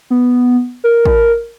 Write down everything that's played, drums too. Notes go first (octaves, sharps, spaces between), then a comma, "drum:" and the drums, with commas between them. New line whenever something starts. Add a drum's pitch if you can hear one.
B3
A#4
drum: kick A1